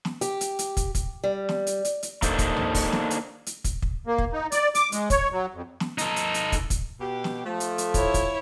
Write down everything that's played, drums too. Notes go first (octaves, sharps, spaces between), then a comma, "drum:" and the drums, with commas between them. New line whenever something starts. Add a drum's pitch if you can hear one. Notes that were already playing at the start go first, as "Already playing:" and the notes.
drum: snare
G4, drum: hi-hat
drum: hi-hat
drum: hi-hat
drum: kick, hi-hat
drum: kick, hi-hat
G3
drum: snare
drum: hi-hat
drum: hi-hat
drum: hi-hat
A#3 D4 D#4 A4 C5, drum: kick, hi-hat
drum: kick, hi-hat
drum: tom
drum: kick, open hi-hat
drum: snare
drum: hi-hat
drum: hi-hat
drum: kick, hi-hat
drum: kick
A#3
drum: kick
D#4
D5, drum: hi-hat
D6, drum: hi-hat
G#3, drum: hi-hat
C#5, drum: kick, hi-hat
F#3
F2
drum: snare
D#4 A4, drum: hi-hat
drum: hi-hat
drum: hi-hat
drum: kick, hi-hat
drum: kick, hi-hat
B2 G4
drum: snare
F3 A3
drum: hi-hat
drum: hi-hat
E4 C#5, drum: kick, hi-hat
drum: kick, hi-hat